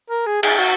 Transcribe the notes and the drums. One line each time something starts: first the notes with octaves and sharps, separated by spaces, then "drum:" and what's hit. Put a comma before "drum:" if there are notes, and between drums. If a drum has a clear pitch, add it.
A#4
G#4
G#4, drum: cymbal
F#4, drum: open hi-hat